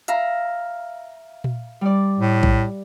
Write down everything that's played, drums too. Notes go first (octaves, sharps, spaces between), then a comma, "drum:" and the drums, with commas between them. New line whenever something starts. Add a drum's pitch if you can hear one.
E5 F5 A#5, drum: hi-hat
drum: tom A#2
G3 D5
A2
drum: kick A#1